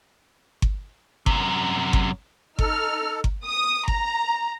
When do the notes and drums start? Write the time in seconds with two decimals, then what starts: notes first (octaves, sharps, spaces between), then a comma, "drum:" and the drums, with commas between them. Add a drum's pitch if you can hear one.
0.62 drum: kick G1
1.26 F#2 C3, drum: kick G1
1.93 drum: kick G1
2.59 D#4 A4 F6, drum: kick G1
3.24 drum: kick G1
3.45 D#6
3.88 A#5, drum: kick G1